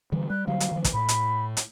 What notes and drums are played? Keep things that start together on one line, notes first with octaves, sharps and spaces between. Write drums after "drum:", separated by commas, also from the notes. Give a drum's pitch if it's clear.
D3 E3 G3
G3 F#6
D3 F#3 G3 F5
drum: hi-hat
D#3 F3
drum: kick, hi-hat
A2 B5
drum: hi-hat
drum: hi-hat